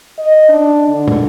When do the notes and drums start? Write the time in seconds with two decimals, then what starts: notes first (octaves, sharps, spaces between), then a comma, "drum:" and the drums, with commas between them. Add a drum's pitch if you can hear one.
0.18 D#5
0.49 D4
0.89 D3
1.08 drum: tom